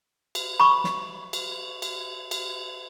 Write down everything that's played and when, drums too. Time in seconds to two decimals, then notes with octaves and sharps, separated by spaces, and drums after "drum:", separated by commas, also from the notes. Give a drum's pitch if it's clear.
0.35 drum: cymbal
0.60 B5 C#6
0.84 drum: snare
1.33 drum: cymbal
1.82 drum: cymbal
2.31 drum: cymbal